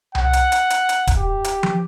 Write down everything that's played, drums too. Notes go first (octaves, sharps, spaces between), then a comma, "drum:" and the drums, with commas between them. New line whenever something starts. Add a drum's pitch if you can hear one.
F#5, drum: tom C2
drum: hi-hat
drum: hi-hat
drum: hi-hat
drum: hi-hat
drum: kick D1, hi-hat
G4
drum: hi-hat
drum: tom F3